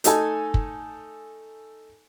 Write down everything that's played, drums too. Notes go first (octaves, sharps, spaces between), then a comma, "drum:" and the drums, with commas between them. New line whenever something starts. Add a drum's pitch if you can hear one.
A3 D#4 A4 G#5, drum: hi-hat
drum: kick